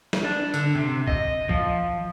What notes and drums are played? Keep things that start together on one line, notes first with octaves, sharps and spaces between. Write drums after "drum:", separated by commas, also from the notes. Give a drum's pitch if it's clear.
drum: snare
D4
D3, drum: tambourine
C3
D#5, drum: kick
F3, drum: kick